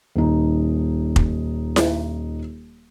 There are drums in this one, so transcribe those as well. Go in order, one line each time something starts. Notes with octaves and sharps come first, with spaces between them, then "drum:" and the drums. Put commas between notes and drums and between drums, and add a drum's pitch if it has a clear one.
D#1 D#4
drum: kick F1
drum: snare E4